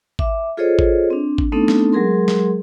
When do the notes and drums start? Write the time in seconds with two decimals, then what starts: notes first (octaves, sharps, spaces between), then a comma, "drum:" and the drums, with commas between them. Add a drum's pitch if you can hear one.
0.19 E5 D6, drum: kick G#1
0.57 F4 G#4 A4 C5 C#5 D#5
0.79 drum: kick G#1
1.10 C4 D4
1.38 drum: kick G#1
1.52 A3 B3 C4 D4 D#4 A4
1.68 drum: snare
1.93 F#3 G#3 G#4 A#4 C6
2.28 drum: snare